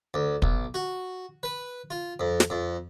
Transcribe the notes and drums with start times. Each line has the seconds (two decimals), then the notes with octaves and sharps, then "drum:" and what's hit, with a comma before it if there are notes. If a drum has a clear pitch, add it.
0.14 D2
0.42 B1, drum: kick
0.74 F#4
1.43 B4
1.90 F4
2.20 F2
2.40 drum: snare
2.50 F2